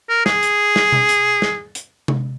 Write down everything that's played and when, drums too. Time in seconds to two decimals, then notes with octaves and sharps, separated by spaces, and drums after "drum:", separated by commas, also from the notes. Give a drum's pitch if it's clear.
0.09 A#4
0.26 G#4, drum: snare
0.43 drum: hi-hat
0.76 drum: snare
0.92 drum: tom B2
1.09 drum: hi-hat
1.42 drum: snare
1.75 drum: hi-hat
2.08 drum: tom C3